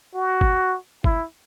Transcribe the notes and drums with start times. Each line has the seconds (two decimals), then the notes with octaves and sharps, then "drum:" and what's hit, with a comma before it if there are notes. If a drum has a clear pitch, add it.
0.15 F#4
0.41 drum: kick G1
1.04 E4, drum: kick G1